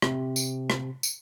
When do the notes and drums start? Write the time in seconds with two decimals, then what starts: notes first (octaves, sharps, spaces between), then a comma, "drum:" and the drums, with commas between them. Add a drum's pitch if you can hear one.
0.02 C3, drum: rim click
0.36 drum: tambourine
0.70 drum: rim click
1.03 drum: tambourine